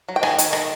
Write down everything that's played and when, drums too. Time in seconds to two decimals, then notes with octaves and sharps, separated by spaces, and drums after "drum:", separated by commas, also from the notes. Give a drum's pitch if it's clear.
0.09 F#3
0.16 G5
0.23 D#3 G#5, drum: rim click
0.38 D#3, drum: hi-hat
0.53 D#3, drum: rim click